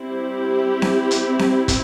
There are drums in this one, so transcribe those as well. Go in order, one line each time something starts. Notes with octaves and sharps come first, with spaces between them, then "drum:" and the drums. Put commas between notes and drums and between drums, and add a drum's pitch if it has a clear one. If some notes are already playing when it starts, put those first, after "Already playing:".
Already playing: G3 C4 E4
G4
drum: snare C4
drum: hi-hat
drum: snare C4
drum: kick, hi-hat